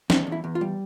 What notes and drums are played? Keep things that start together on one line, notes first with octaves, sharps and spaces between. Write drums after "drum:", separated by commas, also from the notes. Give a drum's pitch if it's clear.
E2 C4, drum: snare
E2
E4
E2
F4
G3